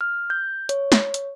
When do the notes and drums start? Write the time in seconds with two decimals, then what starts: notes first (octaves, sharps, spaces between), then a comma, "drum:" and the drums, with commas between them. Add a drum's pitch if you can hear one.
0.01 F6
0.30 G6
0.69 C#5, drum: hi-hat
0.92 drum: snare
1.14 drum: hi-hat